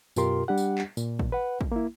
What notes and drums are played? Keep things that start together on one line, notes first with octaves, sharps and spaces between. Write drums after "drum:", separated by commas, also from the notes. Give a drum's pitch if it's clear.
F#2 B2 F4 G4 A#4 C6, drum: tambourine
G3 D4 G4 F#5
drum: tambourine
drum: clap
A#2, drum: tambourine
drum: kick
B4 F#5
drum: kick
A#3 E4